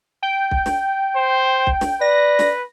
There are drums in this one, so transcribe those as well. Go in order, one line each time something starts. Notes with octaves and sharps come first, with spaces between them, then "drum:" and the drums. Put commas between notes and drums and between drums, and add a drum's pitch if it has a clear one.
G5
drum: kick B1
drum: snare
C5
drum: kick B1
drum: snare
B4 D5 A#6
drum: snare